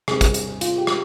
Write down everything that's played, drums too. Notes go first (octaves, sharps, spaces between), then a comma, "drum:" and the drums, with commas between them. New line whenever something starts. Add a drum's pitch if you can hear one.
C3 G3 C4 G#4, drum: rim click
drum: kick, hi-hat
drum: hi-hat
F4, drum: hi-hat
G4
drum: rim click